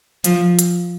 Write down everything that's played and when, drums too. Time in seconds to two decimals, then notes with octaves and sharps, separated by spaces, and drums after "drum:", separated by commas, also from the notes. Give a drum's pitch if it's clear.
0.24 F3, drum: hi-hat
0.59 drum: hi-hat